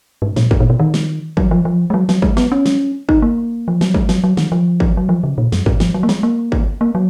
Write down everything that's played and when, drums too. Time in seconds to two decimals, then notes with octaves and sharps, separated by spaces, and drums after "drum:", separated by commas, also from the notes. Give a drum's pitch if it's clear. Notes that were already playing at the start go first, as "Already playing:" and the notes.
0.22 G#2
0.36 A#2, drum: snare
0.51 G#2, drum: kick
0.60 A#2
0.70 B2
0.80 D#3
0.94 drum: snare
1.37 F#3, drum: kick
1.51 F3
1.65 F3
1.90 G#3
1.94 F#3
2.09 F#3, drum: snare
2.22 G#3, drum: kick
2.37 B3, drum: snare
2.52 C#4
2.66 drum: snare
3.09 D#4, drum: kick
3.22 A#3
3.68 F3
3.81 F#3, drum: snare
3.94 G#3, drum: kick
4.09 F#3, drum: snare
4.24 F#3
4.37 D#3, drum: snare
4.52 F3
4.80 drum: kick
4.97 F#3
5.09 F3
5.24 C#3
5.38 A#2
5.52 F#2, drum: snare
5.66 G#2, drum: kick
5.80 F3, drum: snare
5.94 F#3
6.03 A#3
6.09 G#3, drum: snare
6.23 A#3
6.52 drum: kick
6.81 A#3
6.95 F#3